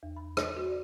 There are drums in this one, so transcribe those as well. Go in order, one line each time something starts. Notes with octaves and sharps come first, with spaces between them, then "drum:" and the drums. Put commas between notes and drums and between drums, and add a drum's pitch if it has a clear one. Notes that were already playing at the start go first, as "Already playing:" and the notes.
E2
B5
C5, drum: rim click
F#4
D5